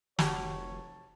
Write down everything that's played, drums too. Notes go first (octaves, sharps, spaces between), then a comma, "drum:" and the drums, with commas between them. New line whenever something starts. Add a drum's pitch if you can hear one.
F1 F#4 G4 C#5 A5, drum: snare